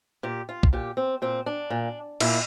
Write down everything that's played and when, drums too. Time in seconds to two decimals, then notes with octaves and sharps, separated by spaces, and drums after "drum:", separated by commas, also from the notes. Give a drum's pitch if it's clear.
0.23 A#2 G4
0.49 F4
0.63 drum: kick
0.73 A#2 G4
0.97 C4
1.22 A#2 C4
1.46 D4
1.70 A#2
2.20 A#2 E4, drum: cymbal